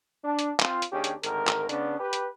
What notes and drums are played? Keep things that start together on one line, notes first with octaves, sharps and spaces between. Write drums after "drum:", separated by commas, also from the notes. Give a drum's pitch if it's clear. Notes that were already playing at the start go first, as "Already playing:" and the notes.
D4
drum: hi-hat
C4 F4, drum: clap
drum: hi-hat
D#2 C#4 D4 G4 G#4
drum: hi-hat
G#1 D2 A#4, drum: hi-hat
drum: clap
C#3 B3 C#4 D4, drum: hi-hat
G4 B4
drum: hi-hat